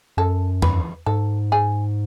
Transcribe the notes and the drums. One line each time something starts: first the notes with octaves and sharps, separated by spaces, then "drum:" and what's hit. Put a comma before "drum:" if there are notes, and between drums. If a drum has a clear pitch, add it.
F#2 A4
B4, drum: tom E2
G#2 A4
G#4